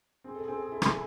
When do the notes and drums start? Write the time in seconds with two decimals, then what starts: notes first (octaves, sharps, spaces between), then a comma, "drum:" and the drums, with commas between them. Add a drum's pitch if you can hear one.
0.24 C4 G#4
0.35 A4
0.44 G#4
0.48 C4 A4
0.62 G#4
0.71 E4 A4
0.82 G#4, drum: rim click
0.91 A4